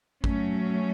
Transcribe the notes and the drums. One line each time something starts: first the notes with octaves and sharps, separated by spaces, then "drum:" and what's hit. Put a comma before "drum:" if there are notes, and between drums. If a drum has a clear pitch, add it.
F#3 A3 C#4, drum: kick G#1